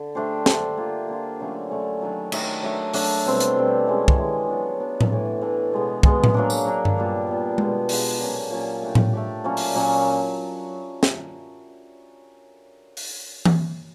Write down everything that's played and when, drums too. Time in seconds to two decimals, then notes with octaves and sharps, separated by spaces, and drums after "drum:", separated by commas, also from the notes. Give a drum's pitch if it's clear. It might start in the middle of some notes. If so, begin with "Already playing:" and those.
Already playing: D3
0.15 A3 D4 G4 C5
0.46 A3 D4 G4 C5, drum: snare
0.77 A#3 D4 F4
1.08 A#3 D4 F4
1.40 D3 F#3 A3 C#4
1.70 D3 F#3 A3 C#4
2.01 D#3 F#3 A3 D4
2.32 D#3 F#3 A3 D4, drum: cymbal
2.63 F#3 A3 D4
2.94 F#3 A3 D4, drum: open hi-hat
3.25 B2 G3 C4
3.40 drum: hi-hat
3.56 B2 G3 C4
3.87 E3 G#3 C#4
4.08 drum: kick
4.18 E3 G#3 C#4
4.49 F#3 B3 D4
4.80 F#3 B3 D4
5.01 drum: tom A2
5.11 A2 E3 A3 D4
5.41 A2 E3 A3 D4
5.72 B2 G#3 B3
6.03 B2 G#3 B3, drum: kick
6.24 drum: tom A2
6.34 F#3 A#3 D4
6.50 drum: tambourine
6.65 F#3 A#3 D4
6.85 drum: tom G2
6.96 A#2 G3 B3
7.27 A#2 G3 B3
7.58 B2 G#3 B3, drum: tom G#3
7.89 B2 G#3 B3, drum: open hi-hat
8.20 A#2 F#3 A#3 C#4
8.50 A#2 F#3 A#3 C#4
8.82 A3 D4 G4
8.95 drum: tom A2
9.13 A3 D4 G4
9.44 A#2 F#3 A#3 C#4
9.57 drum: open hi-hat
9.75 A#2 F#3 A#3 C#4
11.03 drum: snare
12.97 drum: open hi-hat
13.45 drum: tom E3